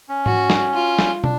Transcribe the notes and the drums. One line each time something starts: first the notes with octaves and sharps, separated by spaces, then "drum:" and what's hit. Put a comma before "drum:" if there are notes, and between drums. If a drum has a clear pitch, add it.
C#4
F#4, drum: tom G#2
drum: snare
F4
drum: snare
D4, drum: tom